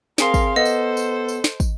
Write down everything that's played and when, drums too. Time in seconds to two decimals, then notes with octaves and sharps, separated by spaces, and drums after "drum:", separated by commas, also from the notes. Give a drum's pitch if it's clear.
0.18 C4 G#4 A#4 F5 C6, drum: snare
0.34 drum: kick, tambourine
0.56 B3 A4 C5 D#5
0.65 drum: tambourine
0.97 drum: tambourine
1.28 drum: tambourine
1.44 drum: snare
1.60 drum: kick, tambourine